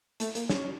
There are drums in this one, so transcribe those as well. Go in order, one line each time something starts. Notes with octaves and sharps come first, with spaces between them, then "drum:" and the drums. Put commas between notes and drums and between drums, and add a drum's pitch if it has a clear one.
A3, drum: hi-hat
A#3, drum: hi-hat
C#4, drum: snare